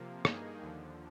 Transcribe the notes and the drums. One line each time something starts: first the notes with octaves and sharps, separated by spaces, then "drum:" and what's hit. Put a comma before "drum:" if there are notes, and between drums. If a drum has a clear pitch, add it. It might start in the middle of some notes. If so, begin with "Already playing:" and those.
Already playing: C3 F3 A#3
G2 D#3 A#3 D#4 G#4, drum: rim click
D#2 D3 F3